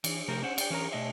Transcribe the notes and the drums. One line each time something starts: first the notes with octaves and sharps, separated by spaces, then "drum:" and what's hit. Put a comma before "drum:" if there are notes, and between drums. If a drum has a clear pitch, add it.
E3, drum: cymbal
C3 F3 A3 G4 A#4
C#4 C5 F#5
D5 G5, drum: cymbal
E3 C#4 A#4 A#5
B2 A3 D4 D#5 E5